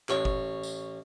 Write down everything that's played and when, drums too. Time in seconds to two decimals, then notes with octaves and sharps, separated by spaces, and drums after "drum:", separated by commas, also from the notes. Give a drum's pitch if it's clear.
0.09 A1 C#5, drum: clap
0.25 drum: kick G1
0.63 drum: tambourine